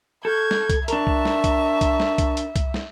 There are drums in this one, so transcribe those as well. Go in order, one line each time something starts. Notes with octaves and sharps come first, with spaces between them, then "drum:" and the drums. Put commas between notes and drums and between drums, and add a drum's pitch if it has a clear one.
A4 C#6 F6 G6 G#6
drum: snare
drum: kick C2, hi-hat
D4 A#4 E5 A5 A#5 C#6, drum: hi-hat
drum: kick C2
drum: snare
drum: kick C2, hi-hat
drum: kick C2, hi-hat
drum: snare
drum: kick C2, hi-hat
drum: hi-hat
drum: kick C2, hi-hat
drum: snare